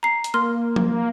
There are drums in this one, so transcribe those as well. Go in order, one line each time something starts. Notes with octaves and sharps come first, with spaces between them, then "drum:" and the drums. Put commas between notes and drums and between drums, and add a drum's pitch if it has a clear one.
A#5 C7
drum: hi-hat
A#3 C6 F6
drum: tom F3